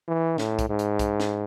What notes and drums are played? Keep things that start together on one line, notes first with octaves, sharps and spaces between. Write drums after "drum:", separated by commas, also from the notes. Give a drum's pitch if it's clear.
E3
A2, drum: snare
drum: kick, hi-hat
G#2
drum: hi-hat
drum: kick, hi-hat
drum: snare